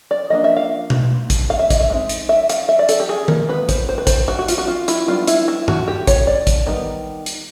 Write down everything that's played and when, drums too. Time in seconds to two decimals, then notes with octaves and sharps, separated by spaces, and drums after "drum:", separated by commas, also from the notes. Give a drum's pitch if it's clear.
0.11 D5
0.30 F3 A#3 D4 D#5
0.44 E5
0.56 F5
0.90 drum: tom B2
1.30 drum: kick, hi-hat
1.50 F5
1.59 E5
1.70 D#5, drum: kick, hi-hat
1.80 E5
1.90 G#3 C4 D#4
2.09 drum: hi-hat
2.29 E5
2.49 F5, drum: hi-hat
2.69 E5
2.79 D5
2.89 A4, drum: hi-hat
3.00 G4
3.09 G#4
3.28 A#4, drum: tom D#3
3.48 F3 G#3 B3 B4
3.69 C5, drum: kick, hi-hat
3.89 C5
3.98 B4
4.07 C5, drum: kick, hi-hat
4.28 F#4
4.39 F#4
4.48 F4, drum: hi-hat
4.58 F#4
4.68 F4
4.88 E4, drum: hi-hat
5.07 G3 B3 D4 F4
5.27 E4, drum: hi-hat
5.48 E4
5.68 F#4, drum: tom G2
5.88 G4
6.07 C#5, drum: kick, hi-hat
6.27 D5
6.47 drum: kick, hi-hat
6.67 D#3 G3 B3 D#4
7.26 drum: hi-hat